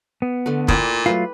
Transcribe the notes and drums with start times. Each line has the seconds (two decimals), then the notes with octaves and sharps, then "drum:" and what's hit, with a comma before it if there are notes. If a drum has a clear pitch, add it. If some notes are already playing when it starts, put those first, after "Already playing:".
0.22 B3
0.46 D3 A3
0.68 A#2 E4 D5 G5, drum: kick
1.06 F#3 A3 F4 B4